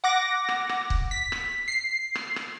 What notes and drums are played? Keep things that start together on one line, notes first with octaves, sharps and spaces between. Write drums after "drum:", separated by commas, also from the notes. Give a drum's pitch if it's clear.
F#5 D6 A#6
drum: rim click
drum: rim click
drum: kick
B6
drum: rim click
C7
drum: rim click
drum: rim click